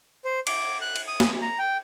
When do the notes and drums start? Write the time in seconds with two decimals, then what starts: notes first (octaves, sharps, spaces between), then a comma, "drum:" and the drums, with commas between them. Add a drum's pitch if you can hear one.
0.25 C5
0.47 D6, drum: cymbal
0.81 F#6
0.96 drum: cymbal
1.08 D#6
1.20 drum: snare
1.42 A#5
1.59 G5